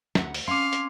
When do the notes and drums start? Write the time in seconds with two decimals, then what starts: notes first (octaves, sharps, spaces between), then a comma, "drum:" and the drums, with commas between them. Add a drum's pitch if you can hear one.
0.15 D2 F#5, drum: snare
0.34 drum: open hi-hat
0.48 C4 C#4 F5 C6 D6
0.73 drum: hi-hat